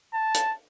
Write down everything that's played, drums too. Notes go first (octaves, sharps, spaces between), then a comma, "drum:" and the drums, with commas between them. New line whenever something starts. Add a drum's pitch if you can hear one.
A5
drum: hi-hat